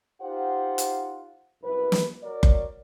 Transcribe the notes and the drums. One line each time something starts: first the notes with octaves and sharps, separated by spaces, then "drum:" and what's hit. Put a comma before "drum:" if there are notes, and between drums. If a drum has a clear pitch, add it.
D#4 F4 G4 C5 F#5
drum: hi-hat
C2 F#2 E4 B4
drum: snare
F#4 A#4 C#5 D5
drum: kick F#1